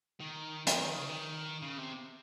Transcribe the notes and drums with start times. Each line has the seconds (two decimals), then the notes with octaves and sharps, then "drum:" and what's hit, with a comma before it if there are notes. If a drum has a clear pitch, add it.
0.20 D#3
0.67 F3, drum: hi-hat
0.81 D#3
0.95 C#3
1.09 D#3
1.62 C#3
1.78 C3